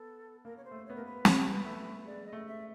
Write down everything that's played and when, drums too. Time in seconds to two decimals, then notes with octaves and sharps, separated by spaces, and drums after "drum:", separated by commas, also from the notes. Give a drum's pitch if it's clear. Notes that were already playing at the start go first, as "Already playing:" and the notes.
Already playing: B3 A4
0.44 A#3 A#4
0.56 C#5
0.64 C5
0.71 A3
0.85 B3 C#5
0.95 A#3 A#4
1.05 B4
1.25 B3, drum: snare
1.65 A3
2.05 G#3 D5
2.26 D#5
2.33 A3
2.46 E5